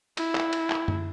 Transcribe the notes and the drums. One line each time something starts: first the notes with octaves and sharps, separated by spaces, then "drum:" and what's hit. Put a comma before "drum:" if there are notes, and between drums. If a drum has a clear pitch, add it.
E4, drum: cymbal
drum: clap
drum: cymbal
drum: clap
drum: tom F#2